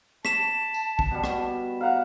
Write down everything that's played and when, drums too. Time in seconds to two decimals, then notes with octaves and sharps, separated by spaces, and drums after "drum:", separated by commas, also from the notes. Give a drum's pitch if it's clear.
0.25 A5 B6 E7, drum: rim click
0.74 drum: tambourine
0.99 drum: kick
1.11 B2 G3
1.24 drum: rim click
1.81 F5 F#5 A#5